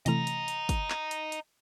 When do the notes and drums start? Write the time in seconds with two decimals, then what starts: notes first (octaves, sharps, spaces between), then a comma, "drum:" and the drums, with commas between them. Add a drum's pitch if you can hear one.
0.06 C3 E3 A3 D#5 A#5, drum: hi-hat
0.27 drum: hi-hat
0.48 drum: hi-hat
0.69 drum: kick, hi-hat
0.90 drum: clap
1.11 drum: hi-hat
1.32 drum: hi-hat